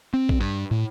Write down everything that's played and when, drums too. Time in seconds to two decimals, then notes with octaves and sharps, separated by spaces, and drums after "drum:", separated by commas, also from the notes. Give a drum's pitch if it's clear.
0.14 C4
0.29 drum: kick A1
0.40 G2
0.71 A2